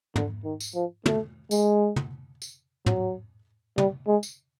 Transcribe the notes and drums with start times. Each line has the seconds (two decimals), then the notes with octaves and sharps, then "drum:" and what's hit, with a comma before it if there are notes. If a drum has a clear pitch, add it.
0.16 D3, drum: tom
0.45 D#3
0.60 drum: tambourine
0.75 F3
1.06 A3, drum: tom
1.51 G#3, drum: tambourine
1.96 drum: tom
2.42 drum: tambourine
2.86 F#3, drum: tom
3.78 G3, drum: tom
4.07 G#3
4.23 drum: tambourine